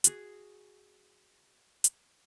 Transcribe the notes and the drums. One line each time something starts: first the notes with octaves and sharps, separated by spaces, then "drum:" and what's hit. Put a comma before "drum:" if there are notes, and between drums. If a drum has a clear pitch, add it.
F#4 G#4, drum: hi-hat
drum: hi-hat